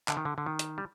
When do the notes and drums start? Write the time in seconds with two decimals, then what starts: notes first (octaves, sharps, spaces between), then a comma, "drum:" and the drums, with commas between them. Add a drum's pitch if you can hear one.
0.08 D3, drum: clap
0.17 D#3
0.25 D3
0.38 D3
0.46 D#3
0.59 drum: hi-hat
0.78 G3